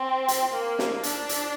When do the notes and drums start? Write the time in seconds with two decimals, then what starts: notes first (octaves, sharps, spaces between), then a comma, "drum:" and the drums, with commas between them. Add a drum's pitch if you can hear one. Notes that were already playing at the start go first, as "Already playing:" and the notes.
Already playing: C4
0.28 drum: hi-hat
0.53 A#3
0.79 drum: snare
1.03 D4, drum: hi-hat
1.29 drum: hi-hat